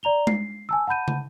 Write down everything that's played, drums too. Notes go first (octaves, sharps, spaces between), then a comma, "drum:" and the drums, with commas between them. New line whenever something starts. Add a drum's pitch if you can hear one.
D5 A#5 F7 G7
C7, drum: tom G#3
G#5 A5 E6
F#5 A5 B5 G6 D#7
drum: tom